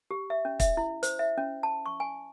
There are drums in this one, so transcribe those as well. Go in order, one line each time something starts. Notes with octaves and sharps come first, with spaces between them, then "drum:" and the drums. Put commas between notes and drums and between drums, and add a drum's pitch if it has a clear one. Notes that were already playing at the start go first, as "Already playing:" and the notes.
G4
E5
C#4
E5, drum: kick, hi-hat
E4
C5, drum: hi-hat
E5
C#4
A5
C#6
G#5